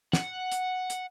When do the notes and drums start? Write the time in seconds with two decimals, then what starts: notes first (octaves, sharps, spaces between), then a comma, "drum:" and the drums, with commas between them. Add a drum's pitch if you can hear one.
0.13 F#5, drum: snare
0.52 drum: hi-hat
0.90 drum: hi-hat